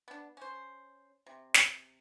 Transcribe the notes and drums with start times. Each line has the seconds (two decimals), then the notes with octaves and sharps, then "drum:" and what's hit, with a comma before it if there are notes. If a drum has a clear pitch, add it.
0.08 B3 D4
0.37 C#4 C5
1.26 C3
1.54 drum: snare